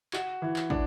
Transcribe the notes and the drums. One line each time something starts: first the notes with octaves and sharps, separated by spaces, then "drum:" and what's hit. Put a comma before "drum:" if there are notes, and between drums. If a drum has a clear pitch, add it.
F#4, drum: clap
E3
drum: clap
D4, drum: kick